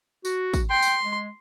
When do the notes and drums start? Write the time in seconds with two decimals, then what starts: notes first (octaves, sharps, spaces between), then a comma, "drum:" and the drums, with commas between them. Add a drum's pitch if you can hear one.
0.25 F#4, drum: tambourine
0.54 drum: kick, tambourine
0.70 G5 C6
0.82 drum: tambourine
1.04 G#3